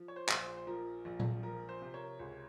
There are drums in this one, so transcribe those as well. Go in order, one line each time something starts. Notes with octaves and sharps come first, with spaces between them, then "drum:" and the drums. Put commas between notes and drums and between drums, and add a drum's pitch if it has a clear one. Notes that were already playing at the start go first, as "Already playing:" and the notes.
Already playing: F3
C#5
C5
A#1, drum: clap
C5
C5
F3 A#4
A#1
drum: tom A#2
F3 A#4
C5
C3
A#4 C#5
C#2